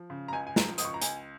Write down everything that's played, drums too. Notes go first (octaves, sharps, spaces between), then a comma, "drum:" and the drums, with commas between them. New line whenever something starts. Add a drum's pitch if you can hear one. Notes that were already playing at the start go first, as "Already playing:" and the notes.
Already playing: F3
C#3
A#5
C#2 G#5
G#5
F3 A#5, drum: snare
C#2 D#6, drum: hi-hat
C#6
A#5
C#2 G#5, drum: hi-hat